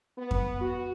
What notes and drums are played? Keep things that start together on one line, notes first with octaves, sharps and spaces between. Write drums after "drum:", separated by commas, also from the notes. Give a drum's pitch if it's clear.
B3
drum: kick F2
F#4